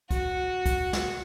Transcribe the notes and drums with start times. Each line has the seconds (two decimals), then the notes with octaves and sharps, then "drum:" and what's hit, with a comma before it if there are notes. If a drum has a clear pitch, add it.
0.11 F#4, drum: kick, hi-hat
0.66 drum: kick, hi-hat
0.93 drum: snare